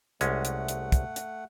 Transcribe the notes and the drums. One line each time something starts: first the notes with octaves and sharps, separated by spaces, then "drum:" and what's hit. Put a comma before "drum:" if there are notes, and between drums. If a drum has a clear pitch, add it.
C2 G#3 A3 C#4 F#5, drum: hi-hat
drum: hi-hat
drum: hi-hat
drum: kick, hi-hat
drum: hi-hat